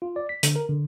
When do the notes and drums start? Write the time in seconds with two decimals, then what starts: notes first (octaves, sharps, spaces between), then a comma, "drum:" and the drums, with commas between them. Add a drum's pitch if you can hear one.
0.02 F4
0.16 D5
0.29 B6
0.43 D3, drum: hi-hat
0.56 A#4
0.69 D3